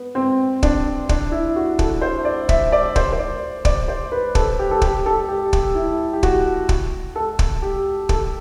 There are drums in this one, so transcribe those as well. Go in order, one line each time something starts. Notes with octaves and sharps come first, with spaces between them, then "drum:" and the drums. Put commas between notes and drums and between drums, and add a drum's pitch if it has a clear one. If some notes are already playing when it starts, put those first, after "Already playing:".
Already playing: B3
C4
D4, drum: kick
D4, drum: kick
E4
F#4
A4, drum: kick
C5
D5
E5, drum: kick
D5
C5, drum: kick
C5
D5
D5, drum: kick
C5
B4
A4, drum: kick
G4
A4
G4, drum: kick
A4
G4
G4, drum: kick
E4
G4
F#4, drum: kick
drum: kick
A4
drum: kick
G4
A4, drum: kick